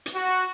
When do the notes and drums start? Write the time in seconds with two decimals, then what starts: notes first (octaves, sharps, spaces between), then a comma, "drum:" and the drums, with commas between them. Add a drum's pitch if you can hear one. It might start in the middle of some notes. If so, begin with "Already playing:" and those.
0.06 drum: hi-hat
0.15 F#4